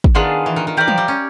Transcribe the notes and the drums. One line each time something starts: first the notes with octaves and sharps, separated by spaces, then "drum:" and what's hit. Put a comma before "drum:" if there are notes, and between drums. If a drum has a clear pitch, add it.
drum: kick
D#3 B3 D4 F4 G#4
E3
D#3
D#3
E3 G4 A#4 D5
F3, drum: tom F#3
G3
C#4